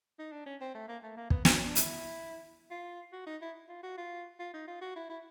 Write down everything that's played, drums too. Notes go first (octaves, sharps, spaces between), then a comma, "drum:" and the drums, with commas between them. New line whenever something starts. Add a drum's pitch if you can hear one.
D#4
D4
C#4
C4
A3
A#3
A3
A#3
B3, drum: kick
C4, drum: snare
C#4
D4
E4, drum: hi-hat
F4
F#4
D#4
E4
F4
F#4
F4
F4
D#4
F4
F#4
E4
E4